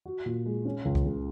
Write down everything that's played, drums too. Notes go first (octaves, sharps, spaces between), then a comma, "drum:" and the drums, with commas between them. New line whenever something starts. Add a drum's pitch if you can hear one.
F#4
A#2
G#3
C#4
C#2
drum: kick C2
C#3